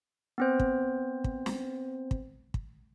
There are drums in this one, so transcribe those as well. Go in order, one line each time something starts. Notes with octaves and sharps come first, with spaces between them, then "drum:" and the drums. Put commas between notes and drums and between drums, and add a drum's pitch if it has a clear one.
B3 C4 C5
drum: kick
drum: kick
drum: snare
drum: kick
drum: kick